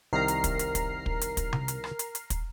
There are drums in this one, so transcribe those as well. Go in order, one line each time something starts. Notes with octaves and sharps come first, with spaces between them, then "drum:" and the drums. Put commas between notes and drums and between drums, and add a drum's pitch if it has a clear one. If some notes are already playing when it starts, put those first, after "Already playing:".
C2 D#3 A#4 A#5 F6 C7
drum: hi-hat
drum: kick, hi-hat
drum: hi-hat
drum: kick, hi-hat
drum: kick
drum: hi-hat
drum: kick, hi-hat
drum: tom C3
drum: hi-hat
drum: rim click
drum: hi-hat
drum: hi-hat
drum: kick, hi-hat